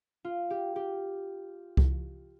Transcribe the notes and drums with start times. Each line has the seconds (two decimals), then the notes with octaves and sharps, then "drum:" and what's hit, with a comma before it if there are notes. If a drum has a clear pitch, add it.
0.24 F4
0.50 G4
0.76 G4
1.77 drum: kick C2